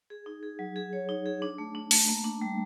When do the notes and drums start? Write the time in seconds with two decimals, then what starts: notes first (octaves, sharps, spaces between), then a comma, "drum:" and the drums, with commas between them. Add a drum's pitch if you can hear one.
0.10 G#4
0.26 D#4
0.43 G#4
0.59 F#3
0.76 G#4
0.93 C#5
1.09 D#4
1.26 G#4
1.42 D4
1.58 A3
1.75 D4
1.91 A3, drum: open hi-hat
2.09 A#3
2.24 D4
2.42 G3